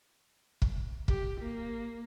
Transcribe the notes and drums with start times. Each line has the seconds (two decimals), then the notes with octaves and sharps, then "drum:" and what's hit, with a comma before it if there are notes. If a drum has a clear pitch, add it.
0.62 drum: kick
1.08 G4, drum: kick
1.40 A#3